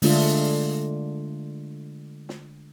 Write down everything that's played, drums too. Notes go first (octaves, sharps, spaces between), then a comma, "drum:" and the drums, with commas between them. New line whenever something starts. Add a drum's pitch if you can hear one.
D3 G#3 A3 D4 F4, drum: open hi-hat
drum: snare